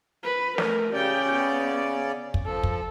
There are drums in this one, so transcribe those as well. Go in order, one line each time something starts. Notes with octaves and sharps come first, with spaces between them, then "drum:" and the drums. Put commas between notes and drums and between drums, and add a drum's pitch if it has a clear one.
B4
A3 A#4, drum: snare
C#3 C#4 G4 D5 G5
B3
drum: kick
F3 A4
drum: kick